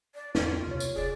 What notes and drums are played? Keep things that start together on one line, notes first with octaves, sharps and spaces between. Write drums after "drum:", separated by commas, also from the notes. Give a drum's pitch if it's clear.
D5
E2 F4, drum: snare
D2 C3 C#5
drum: tambourine
F1 G#4 D5